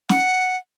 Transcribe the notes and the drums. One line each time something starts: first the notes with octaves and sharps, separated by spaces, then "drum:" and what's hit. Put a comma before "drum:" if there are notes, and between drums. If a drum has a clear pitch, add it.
F#5, drum: snare